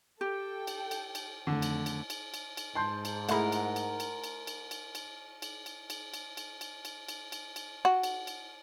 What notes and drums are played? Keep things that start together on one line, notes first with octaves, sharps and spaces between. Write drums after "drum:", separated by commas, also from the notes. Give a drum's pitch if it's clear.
G4 A4 G5
drum: cymbal
drum: cymbal
drum: cymbal
F2 D3 D#3 A3
drum: cymbal
drum: cymbal
drum: cymbal
drum: cymbal
drum: cymbal
G#2 A5 C6 G6
drum: cymbal
A3 E4 G#4 A#4 F#5, drum: cymbal
drum: cymbal
drum: cymbal
drum: cymbal
drum: cymbal
drum: cymbal
drum: cymbal
drum: cymbal
drum: cymbal
drum: cymbal
drum: cymbal
drum: cymbal
drum: cymbal
drum: cymbal
drum: cymbal
drum: cymbal
drum: cymbal
drum: cymbal
F#4
drum: cymbal
drum: cymbal